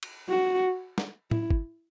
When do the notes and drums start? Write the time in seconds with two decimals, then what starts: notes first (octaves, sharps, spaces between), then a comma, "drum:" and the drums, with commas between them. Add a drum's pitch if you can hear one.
0.03 drum: cymbal
0.29 F#4
0.98 drum: snare
1.31 E4, drum: tom A2
1.50 drum: kick G1